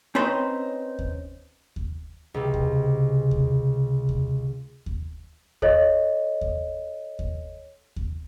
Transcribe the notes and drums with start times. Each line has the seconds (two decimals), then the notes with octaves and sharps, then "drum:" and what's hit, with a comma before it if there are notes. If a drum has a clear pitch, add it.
0.15 C4 C#4 D#4 B4 C5
0.99 drum: kick D#2
1.76 drum: kick D#2
2.34 C#2 C3
2.54 drum: kick D#2
3.31 drum: kick D#2
4.09 drum: kick D#2
4.86 drum: kick D#2
5.62 A4 C#5 D#5, drum: kick D#2
6.41 drum: kick D#2
7.19 drum: kick D#2
7.96 drum: kick D#2